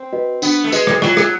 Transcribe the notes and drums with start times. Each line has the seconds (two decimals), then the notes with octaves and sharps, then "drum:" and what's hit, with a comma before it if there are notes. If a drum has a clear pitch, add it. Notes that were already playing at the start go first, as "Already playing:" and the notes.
Already playing: C4
0.13 F#4 B4 D#5
0.42 B3 D4, drum: tambourine
0.64 A3
0.72 G#3 F#4 B4 D#5, drum: tambourine
0.87 drum: rim click
1.02 F#3 F4, drum: rim click
1.17 drum: rim click